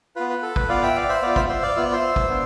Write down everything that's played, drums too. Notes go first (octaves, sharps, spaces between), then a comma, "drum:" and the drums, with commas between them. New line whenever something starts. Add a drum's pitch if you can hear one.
B3 F4 B4
B4
A4
B4, drum: kick
B3 F4 D5 F5
E5 G5
D5 F5
C5 E5
B3 F4 D5 F5
C5 E5, drum: kick
C5 E5
D5 F5
B3 F4 E5
D5
C5 E5
drum: kick
B3 D4